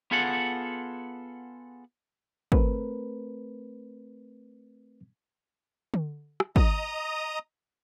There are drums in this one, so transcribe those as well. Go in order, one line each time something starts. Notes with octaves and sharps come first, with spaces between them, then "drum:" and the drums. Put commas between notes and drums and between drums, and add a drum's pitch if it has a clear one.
B3 F4 G#4 A4 F#5
A3 C4 A#4 B4, drum: kick
drum: tom D3
drum: rim click
D#5 A#5 D#6, drum: kick